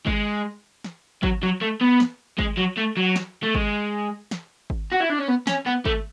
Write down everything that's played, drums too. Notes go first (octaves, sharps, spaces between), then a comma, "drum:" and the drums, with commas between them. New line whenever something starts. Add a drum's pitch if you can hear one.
G#3, drum: kick G#1
drum: snare
F#3, drum: kick G#1
F#3
A3
B3
drum: snare
G#3, drum: kick G#1
F#3
A3
F#3
drum: snare
A3
G#3, drum: kick G#1
drum: snare
drum: kick G#1
F#4
E4
D4
C#4
B3
C#4, drum: snare
B3
A3, drum: kick G#1